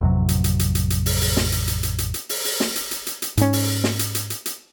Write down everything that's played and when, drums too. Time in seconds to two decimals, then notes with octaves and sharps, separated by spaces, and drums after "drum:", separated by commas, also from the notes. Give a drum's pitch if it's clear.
0.01 A1 F2 C3 F#3
0.29 drum: hi-hat
0.44 drum: hi-hat
0.59 drum: hi-hat
0.75 drum: hi-hat
0.90 drum: hi-hat
1.06 drum: open hi-hat
1.21 drum: open hi-hat
1.37 drum: snare
1.52 drum: hi-hat
1.68 drum: hi-hat
1.83 drum: hi-hat
1.98 drum: hi-hat
2.14 drum: hi-hat
2.29 drum: open hi-hat
2.45 drum: open hi-hat
2.60 drum: snare
2.76 drum: hi-hat
2.91 drum: hi-hat
3.07 drum: hi-hat
3.22 drum: hi-hat
3.37 G#2 C#4, drum: hi-hat
3.53 drum: open hi-hat
3.84 drum: snare
3.99 drum: hi-hat
4.15 drum: hi-hat
4.30 drum: hi-hat
4.46 drum: hi-hat